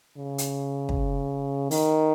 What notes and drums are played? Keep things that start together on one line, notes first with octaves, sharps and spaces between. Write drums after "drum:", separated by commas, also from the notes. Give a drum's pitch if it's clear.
C#3
drum: hi-hat
drum: kick
D#3, drum: open hi-hat